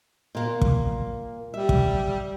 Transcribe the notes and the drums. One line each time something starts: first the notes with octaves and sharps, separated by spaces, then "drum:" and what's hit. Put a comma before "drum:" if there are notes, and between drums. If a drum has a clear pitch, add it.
A#2 A#3
drum: kick
G3 E5
drum: kick